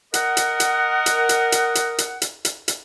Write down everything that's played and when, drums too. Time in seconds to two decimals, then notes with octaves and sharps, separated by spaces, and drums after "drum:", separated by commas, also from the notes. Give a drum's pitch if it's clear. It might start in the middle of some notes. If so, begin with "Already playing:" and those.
0.14 A#4 D#5 F#5, drum: hi-hat
0.37 drum: hi-hat
0.60 drum: hi-hat
1.06 drum: hi-hat
1.29 drum: hi-hat
1.52 drum: hi-hat
1.75 drum: hi-hat
1.98 drum: hi-hat
2.22 drum: hi-hat
2.45 drum: hi-hat
2.68 drum: hi-hat